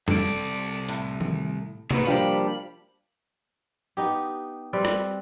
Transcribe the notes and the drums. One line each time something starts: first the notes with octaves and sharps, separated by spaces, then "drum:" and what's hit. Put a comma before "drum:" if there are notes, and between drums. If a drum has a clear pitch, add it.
C2 A4 D5, drum: tom F2
A2, drum: hi-hat
drum: tom D#3
D#4 F#4 G#4 B4, drum: tom C3
F3 G3 A#3 D4 F4 B5
B3 D#4 G4
G3 C4 B4 D5
drum: rim click